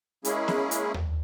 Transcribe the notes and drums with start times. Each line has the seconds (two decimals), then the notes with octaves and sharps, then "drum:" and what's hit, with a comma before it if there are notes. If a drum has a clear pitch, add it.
0.25 G#3 A#3 C#4 E4 G#4, drum: hi-hat
0.48 drum: snare B3
0.71 drum: hi-hat
0.94 drum: tom D#2